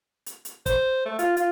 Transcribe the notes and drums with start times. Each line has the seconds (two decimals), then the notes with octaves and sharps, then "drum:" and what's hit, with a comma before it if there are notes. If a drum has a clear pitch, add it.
0.26 drum: hi-hat
0.45 drum: hi-hat
0.66 C5, drum: kick, hi-hat
1.05 A3
1.19 F4, drum: hi-hat
1.37 F4, drum: hi-hat